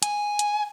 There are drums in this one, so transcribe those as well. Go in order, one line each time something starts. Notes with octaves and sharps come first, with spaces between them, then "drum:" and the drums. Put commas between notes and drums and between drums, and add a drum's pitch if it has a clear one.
G#5, drum: hi-hat
drum: hi-hat